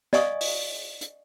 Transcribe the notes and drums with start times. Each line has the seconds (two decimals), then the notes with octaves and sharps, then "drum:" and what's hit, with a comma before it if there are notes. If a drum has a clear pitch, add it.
0.13 D5 D#5 F5 G#5 C#6 D#6, drum: snare
0.41 drum: open hi-hat
1.01 drum: hi-hat